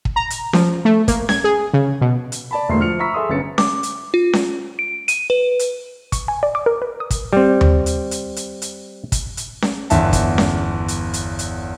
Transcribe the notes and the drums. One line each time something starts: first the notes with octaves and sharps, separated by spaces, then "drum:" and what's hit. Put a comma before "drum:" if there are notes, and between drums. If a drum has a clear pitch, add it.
drum: kick
A#5
drum: hi-hat
F3, drum: snare C#4
A3
A#3, drum: kick, hi-hat
G#6, drum: snare C#4
G#4
C#3
B2
drum: hi-hat
D5 A5 B5
E1 D2 A3 A#3 C6 C7
F3 F6 C#7 F7
E5 A#5 B5 C#6 E6 B6
G#4 A4 E5 C6 D#6
G1 D3 C#4 A6 C#7
D6, drum: snare C#4
drum: hi-hat
F4
drum: snare C#4
D7
D#7, drum: hi-hat
B4
drum: hi-hat
C#6, drum: kick, hi-hat
G#5
D5
D6
A#4
B4
D#6
drum: kick, hi-hat
G3 C4
drum: tom D#2
drum: hi-hat
drum: hi-hat
drum: hi-hat
drum: hi-hat
drum: kick, hi-hat
drum: hi-hat
drum: snare C#4
G1 E2 E5 A5, drum: hi-hat
drum: kick, hi-hat
drum: snare C#4
drum: hi-hat
drum: hi-hat
drum: hi-hat